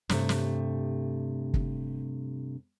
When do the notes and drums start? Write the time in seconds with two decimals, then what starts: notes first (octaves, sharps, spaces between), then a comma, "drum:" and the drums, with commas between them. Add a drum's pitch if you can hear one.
0.09 G2 C3 A3, drum: snare
0.29 drum: snare
1.54 drum: kick